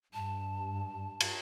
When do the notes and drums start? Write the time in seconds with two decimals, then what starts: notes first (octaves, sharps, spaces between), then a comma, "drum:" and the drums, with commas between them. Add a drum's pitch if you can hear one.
0.14 G2 A5
1.20 drum: cymbal